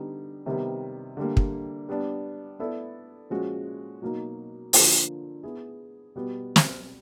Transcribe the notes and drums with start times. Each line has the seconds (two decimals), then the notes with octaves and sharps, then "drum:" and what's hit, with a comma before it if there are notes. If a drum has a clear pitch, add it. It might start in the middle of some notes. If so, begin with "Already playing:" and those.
Already playing: D3 G3 B3 D#4
0.46 C3 D#3 G3 B3
1.17 D3 G3 A#3
1.37 drum: kick
1.89 G3 B3 D4
2.59 B3 E4 A4 D5
3.30 A#2 F3 G#3 C#4 F#4
4.02 B2 F#3 A#3 D#4
4.73 D3 F3 A#3, drum: open hi-hat
5.43 B3 E4 G#4
6.15 B2 G3 B3
6.56 drum: snare